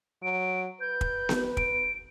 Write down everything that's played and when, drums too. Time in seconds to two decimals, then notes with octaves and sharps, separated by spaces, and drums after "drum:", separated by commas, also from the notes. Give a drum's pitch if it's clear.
0.23 F#3 D7
0.81 B4 G6
1.01 drum: kick
1.29 drum: snare B3
1.57 D7, drum: kick